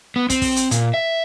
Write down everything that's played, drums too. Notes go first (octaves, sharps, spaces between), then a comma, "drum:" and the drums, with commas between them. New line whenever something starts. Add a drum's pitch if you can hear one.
B3
C4, drum: kick, hi-hat
drum: kick, open hi-hat
drum: hi-hat
A#2, drum: hi-hat
E5